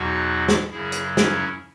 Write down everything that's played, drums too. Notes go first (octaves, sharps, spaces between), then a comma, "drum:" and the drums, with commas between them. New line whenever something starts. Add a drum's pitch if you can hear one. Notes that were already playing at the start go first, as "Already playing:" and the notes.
Already playing: E2 B2 F#3 D#4 F#4
drum: snare
F#2 C#3 F#3 E4 G#4
drum: hi-hat
C#4 E4, drum: snare